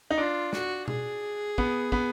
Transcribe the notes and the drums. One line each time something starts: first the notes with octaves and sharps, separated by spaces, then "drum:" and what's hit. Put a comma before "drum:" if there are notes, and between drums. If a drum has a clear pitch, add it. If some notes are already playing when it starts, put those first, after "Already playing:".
D#4
D4 F4
F#4, drum: snare
G#4, drum: tom B2
B3, drum: kick
B3, drum: kick